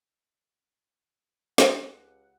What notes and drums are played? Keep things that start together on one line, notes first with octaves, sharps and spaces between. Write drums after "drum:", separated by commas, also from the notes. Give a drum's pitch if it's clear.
C#2 C#3 G4 F#5, drum: snare